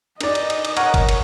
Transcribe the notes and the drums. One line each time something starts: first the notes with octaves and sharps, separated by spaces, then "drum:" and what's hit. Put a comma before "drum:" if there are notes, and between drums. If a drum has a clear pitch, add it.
D#4 D5 D#5, drum: cymbal
drum: cymbal
drum: cymbal
drum: cymbal
A#4 C#5 F#5 D#6, drum: cymbal
drum: kick, cymbal
drum: cymbal